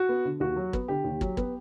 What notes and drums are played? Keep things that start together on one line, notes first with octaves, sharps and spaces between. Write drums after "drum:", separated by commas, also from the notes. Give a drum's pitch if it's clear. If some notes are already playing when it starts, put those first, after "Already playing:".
Already playing: F#4
B3
D3
D#2 F#4
F#3
B3, drum: kick
D3 G4
D#2
F#3, drum: kick
B3, drum: kick